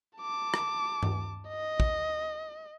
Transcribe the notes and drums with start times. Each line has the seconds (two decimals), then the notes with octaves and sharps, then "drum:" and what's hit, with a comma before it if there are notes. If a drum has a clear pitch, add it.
0.18 A5 D6
0.54 drum: rim click
1.03 drum: tom G2
1.48 D#5
1.80 drum: kick